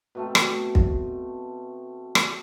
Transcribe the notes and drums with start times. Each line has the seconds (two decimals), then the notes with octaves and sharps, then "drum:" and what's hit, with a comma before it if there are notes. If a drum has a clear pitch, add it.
0.15 B2 A3 C4
0.35 drum: rim click
0.75 drum: kick
2.15 drum: rim click